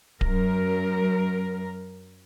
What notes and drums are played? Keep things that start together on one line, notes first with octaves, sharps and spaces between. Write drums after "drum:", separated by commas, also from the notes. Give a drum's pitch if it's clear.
F#2 A#4, drum: kick D1